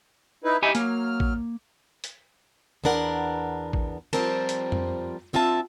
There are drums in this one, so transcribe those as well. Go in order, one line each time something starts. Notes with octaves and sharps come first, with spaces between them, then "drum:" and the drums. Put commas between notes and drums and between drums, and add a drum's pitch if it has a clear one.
D#4 E4 B4
D#4 E4 G4 G#5 B5
F#3 A#3 F6, drum: hi-hat
drum: kick
drum: hi-hat
E2 B3 D4 A#4 F#5
drum: kick
F3 G3 C4 A#4 A5, drum: cymbal
drum: hi-hat
drum: tom F2
D3 C4 F4 E5 A5